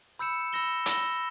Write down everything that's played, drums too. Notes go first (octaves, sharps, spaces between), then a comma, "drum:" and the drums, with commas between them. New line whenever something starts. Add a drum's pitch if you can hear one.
B5 E6 G6 C#7 E7
B5 E6 A#6 E7 G7
B5 E6 A#6 E7 G7, drum: hi-hat